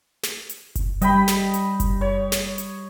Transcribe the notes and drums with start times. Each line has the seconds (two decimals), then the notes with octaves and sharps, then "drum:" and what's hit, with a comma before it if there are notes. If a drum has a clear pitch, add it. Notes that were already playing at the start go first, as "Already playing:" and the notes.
0.23 drum: snare
0.49 drum: hi-hat
0.75 drum: kick F#1, hi-hat
1.02 G3 D#5 G5 B5, drum: hi-hat
1.28 drum: snare
1.54 drum: hi-hat
1.80 drum: kick F#1, hi-hat
2.01 C#5
2.32 drum: snare
2.58 drum: hi-hat